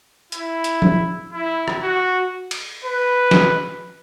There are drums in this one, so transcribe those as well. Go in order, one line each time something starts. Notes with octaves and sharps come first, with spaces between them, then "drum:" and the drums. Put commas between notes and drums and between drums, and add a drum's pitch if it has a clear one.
E4, drum: hi-hat
drum: hi-hat
drum: tom F3
E4
drum: rim click
F#4
drum: cymbal
B4
drum: snare